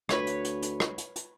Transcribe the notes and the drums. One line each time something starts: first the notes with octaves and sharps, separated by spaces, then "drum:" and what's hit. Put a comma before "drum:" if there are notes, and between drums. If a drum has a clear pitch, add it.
D2 B4 C#5, drum: rim click
drum: hi-hat
drum: hi-hat
drum: hi-hat
drum: rim click
drum: hi-hat
drum: hi-hat